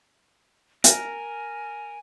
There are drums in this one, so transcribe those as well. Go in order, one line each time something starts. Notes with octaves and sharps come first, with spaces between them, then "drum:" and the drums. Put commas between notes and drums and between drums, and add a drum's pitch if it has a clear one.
A#4 G#5, drum: hi-hat